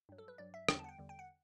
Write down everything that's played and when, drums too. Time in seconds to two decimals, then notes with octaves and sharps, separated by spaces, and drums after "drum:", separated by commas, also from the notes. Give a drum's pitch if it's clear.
0.09 G2 F#3
0.18 A4
0.28 B4
0.38 G2 F#3 D5
0.54 E5
0.69 E2 D3 G3 G5, drum: rim click
0.79 A5
0.84 F#5
0.89 G5
0.99 E2 D3 G3
1.09 G5
1.19 F#5